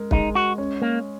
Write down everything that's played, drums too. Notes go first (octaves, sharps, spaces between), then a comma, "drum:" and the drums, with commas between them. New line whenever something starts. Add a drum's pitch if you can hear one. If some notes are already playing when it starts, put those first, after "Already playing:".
Already playing: G#3 A#4
G#3 D#4, drum: kick
F#4
C#4
A#3